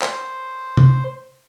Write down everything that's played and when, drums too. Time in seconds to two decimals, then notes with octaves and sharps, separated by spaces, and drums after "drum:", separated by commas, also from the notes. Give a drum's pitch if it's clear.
0.01 C5, drum: clap
0.77 drum: tom C3